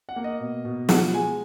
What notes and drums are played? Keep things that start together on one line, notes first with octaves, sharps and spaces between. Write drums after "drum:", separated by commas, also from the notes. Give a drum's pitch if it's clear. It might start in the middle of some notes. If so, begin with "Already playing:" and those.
F#5
A#3
D#5
B2
B2
F3 F#5, drum: snare
G#3 G#5